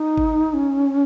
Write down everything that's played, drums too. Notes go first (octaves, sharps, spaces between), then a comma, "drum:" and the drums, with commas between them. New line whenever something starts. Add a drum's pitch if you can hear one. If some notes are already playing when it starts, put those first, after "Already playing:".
Already playing: D#4
drum: kick
C#4